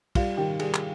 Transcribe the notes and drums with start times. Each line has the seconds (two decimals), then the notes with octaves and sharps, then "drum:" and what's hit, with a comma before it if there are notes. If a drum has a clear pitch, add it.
0.15 G3 F4, drum: kick, cymbal
0.37 D#3 G4
0.60 G3 G#4, drum: cymbal
0.74 drum: clap